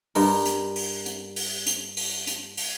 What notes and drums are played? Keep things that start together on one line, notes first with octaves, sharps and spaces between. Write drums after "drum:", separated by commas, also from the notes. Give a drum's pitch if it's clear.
G2 A#4, drum: open hi-hat
drum: hi-hat
drum: open hi-hat
drum: hi-hat
drum: open hi-hat
drum: hi-hat
drum: open hi-hat
drum: hi-hat
drum: open hi-hat